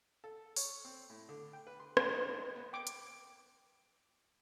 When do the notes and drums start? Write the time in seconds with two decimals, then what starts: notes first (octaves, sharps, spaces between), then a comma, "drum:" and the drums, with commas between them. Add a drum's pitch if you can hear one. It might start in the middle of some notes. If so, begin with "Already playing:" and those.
0.24 A4
0.56 C#5, drum: open hi-hat
0.85 C4
1.10 A2
1.29 D3
1.53 G5
1.67 B4
1.80 C6
1.97 G5, drum: rim click
2.13 D#4
2.56 B3
2.73 G5 D6
2.87 drum: hi-hat